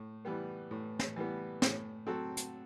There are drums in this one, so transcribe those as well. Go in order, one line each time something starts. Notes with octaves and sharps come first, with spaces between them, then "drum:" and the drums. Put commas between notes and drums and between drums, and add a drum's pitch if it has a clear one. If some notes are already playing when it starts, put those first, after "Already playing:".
Already playing: A2
E3 G3 B3
A2
drum: snare
E3 G3 B3
A2, drum: snare
F#3 C4 F#4 A4
drum: hi-hat